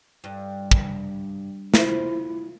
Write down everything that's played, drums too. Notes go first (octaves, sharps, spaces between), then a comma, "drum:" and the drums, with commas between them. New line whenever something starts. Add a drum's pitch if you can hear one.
G2
drum: kick
E4 F4 C5, drum: snare